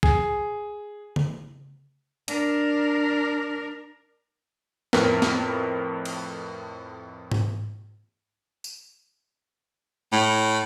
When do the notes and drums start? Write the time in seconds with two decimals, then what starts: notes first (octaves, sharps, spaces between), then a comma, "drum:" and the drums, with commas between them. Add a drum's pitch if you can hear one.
0.03 G#4, drum: kick
1.16 drum: tom C#3
2.28 D4 A#4, drum: hi-hat
4.93 F2 A2 C4 A#4 B4, drum: snare
5.22 drum: snare
6.05 drum: cymbal
7.32 drum: tom G#2
8.64 drum: tambourine
10.12 A2